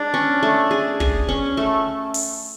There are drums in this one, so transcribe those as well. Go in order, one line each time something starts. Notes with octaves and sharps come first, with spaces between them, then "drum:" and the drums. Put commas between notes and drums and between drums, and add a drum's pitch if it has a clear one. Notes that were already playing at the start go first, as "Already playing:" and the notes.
Already playing: G#3 D4
C#4
A3
G#4
G#4, drum: kick
C#4
A3
drum: open hi-hat